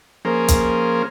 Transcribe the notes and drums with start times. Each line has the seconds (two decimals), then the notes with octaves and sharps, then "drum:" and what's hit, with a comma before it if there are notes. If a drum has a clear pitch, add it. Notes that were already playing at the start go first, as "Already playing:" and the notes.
0.25 F3 A#3 C#4 G#4 A#4 C5
0.48 drum: kick, hi-hat